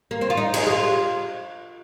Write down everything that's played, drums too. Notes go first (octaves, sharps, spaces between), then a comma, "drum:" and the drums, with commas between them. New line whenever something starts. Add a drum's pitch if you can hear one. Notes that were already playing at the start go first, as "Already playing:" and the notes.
A#3
C4
F4
D#4
G#4, drum: cymbal
G#4
F4